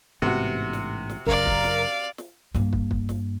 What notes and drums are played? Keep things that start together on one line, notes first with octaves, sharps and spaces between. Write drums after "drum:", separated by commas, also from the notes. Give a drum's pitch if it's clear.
A1 G#2 C3 B3 F#4
drum: snare
drum: snare
F#2 C#3 A#4 D5 F5, drum: kick
drum: kick
drum: snare
drum: snare
G2 A#3, drum: snare
drum: kick
drum: kick
drum: snare